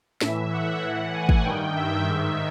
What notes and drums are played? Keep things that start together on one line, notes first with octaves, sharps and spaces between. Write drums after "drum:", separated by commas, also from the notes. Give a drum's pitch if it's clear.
A2 E3 E5, drum: snare
F#5
A2 E3 F#5
G#5
drum: kick
G2 D#3 G5
E5
G#2 D#3 E5